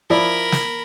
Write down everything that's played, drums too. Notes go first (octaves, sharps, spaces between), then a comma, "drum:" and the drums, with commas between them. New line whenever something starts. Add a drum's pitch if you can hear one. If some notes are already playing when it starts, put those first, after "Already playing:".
F3 E4 A#4 D5 B5
drum: snare